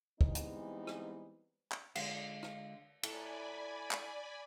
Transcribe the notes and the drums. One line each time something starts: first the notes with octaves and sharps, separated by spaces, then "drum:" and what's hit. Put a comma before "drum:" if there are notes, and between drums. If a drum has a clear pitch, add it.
E3 G3 G#3 B3 C4 D#4, drum: kick
drum: hi-hat
drum: rim click
drum: clap
D3 G#3 F4, drum: cymbal
drum: rim click
E4 A4 D5 G#5 B5, drum: cymbal
drum: clap